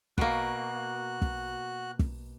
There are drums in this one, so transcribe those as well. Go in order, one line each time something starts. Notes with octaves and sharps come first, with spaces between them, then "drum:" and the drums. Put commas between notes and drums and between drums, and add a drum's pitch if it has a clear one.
B2 A#3 F#4 F#6, drum: kick
drum: kick
drum: kick